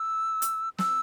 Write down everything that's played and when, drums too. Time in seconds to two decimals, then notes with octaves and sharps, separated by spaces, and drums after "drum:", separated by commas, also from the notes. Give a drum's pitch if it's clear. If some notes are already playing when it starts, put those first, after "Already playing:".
Already playing: E6
0.42 drum: hi-hat
0.78 E6, drum: snare